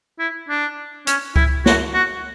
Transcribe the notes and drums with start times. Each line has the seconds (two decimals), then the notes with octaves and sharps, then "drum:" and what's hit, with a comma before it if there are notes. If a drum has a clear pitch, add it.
0.19 E4
0.49 D4
1.07 C#4, drum: hi-hat
1.36 E4, drum: kick C#2
1.66 F#4, drum: snare
1.94 F#4